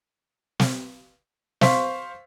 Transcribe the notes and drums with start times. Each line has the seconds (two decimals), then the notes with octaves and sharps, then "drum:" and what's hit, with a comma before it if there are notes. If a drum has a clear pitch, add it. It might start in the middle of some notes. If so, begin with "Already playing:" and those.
0.60 drum: snare
1.61 C5 F5 C6 C#6 B6, drum: snare